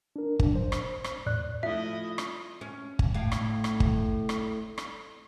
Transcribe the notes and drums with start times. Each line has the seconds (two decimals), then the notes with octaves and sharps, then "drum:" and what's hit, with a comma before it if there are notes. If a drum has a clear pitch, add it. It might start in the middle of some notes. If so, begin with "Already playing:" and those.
0.16 D4 A#4
0.39 F#3 D4, drum: kick G1
0.56 C5
0.72 drum: rim click
1.04 drum: rim click
1.26 E2 A2 D5 F#6
1.63 F3 A3 E4 D#5 E5
2.18 drum: rim click
2.61 C#4
2.99 drum: kick G1
3.14 A2 F5
3.32 drum: rim click
3.64 drum: rim click
3.80 drum: kick G1
4.29 drum: rim click
4.78 drum: rim click